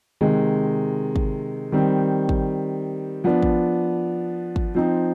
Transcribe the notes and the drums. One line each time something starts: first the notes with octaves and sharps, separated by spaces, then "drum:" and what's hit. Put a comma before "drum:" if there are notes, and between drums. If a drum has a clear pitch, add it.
C3 D#3 G#3
drum: kick
D#3 G3 C4
drum: kick
F3 B3 D4
drum: kick
drum: kick
F3 C4 D#4